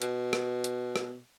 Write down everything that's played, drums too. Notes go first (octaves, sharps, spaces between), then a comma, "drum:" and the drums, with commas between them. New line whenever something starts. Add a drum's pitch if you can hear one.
B2, drum: hi-hat
drum: rim click
drum: hi-hat
drum: rim click